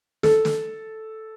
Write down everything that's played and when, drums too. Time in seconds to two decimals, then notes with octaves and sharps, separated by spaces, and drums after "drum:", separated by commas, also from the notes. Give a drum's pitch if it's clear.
0.23 A4, drum: snare
0.45 drum: snare